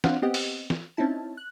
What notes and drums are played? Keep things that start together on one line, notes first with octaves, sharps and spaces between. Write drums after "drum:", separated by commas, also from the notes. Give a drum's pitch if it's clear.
C4 D4 C5 F5 F#5, drum: snare
B3 C4 G4 D#5 F#5
drum: open hi-hat
drum: snare
C4 C#4 D#4 E4 A5
F#6